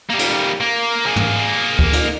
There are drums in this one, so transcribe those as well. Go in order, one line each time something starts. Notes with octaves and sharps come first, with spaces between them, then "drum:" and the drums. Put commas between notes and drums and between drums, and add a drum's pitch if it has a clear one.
G3 A#3
drum: cymbal
A#3
A#3 G#4
drum: tom
drum: kick D2
drum: cymbal